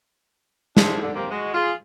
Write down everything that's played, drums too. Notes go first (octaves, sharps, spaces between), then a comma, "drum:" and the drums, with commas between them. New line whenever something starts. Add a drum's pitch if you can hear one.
D4 E4 F4 G4 G#4 C5, drum: snare
D3
C3 A#3 C4
G#3 F#4
F4 G#4